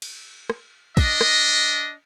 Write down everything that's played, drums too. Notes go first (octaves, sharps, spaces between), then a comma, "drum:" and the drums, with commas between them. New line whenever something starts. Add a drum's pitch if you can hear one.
drum: cymbal
drum: rim click
D4 D#5, drum: kick, cymbal
drum: rim click